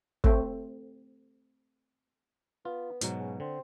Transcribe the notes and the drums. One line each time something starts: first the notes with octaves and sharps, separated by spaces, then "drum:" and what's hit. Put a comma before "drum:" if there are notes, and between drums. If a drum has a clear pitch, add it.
A3 C4, drum: kick
B3 F4
G#2 B2 F#3, drum: hi-hat
C#3
D3 C4